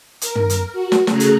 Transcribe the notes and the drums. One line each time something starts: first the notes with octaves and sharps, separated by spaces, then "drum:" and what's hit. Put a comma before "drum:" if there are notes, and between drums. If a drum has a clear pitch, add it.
A#4, drum: hi-hat
drum: tom
drum: hi-hat
F#4
drum: snare
C#3 A3 G#4 A#5 F#6, drum: snare
drum: hi-hat